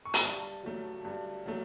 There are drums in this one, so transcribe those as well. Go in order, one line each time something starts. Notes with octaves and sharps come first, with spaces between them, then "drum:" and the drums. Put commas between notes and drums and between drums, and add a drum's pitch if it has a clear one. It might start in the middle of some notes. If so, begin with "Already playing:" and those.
C#6
B5, drum: hi-hat
G2 A5
F#3 A3
G2
F#3 A3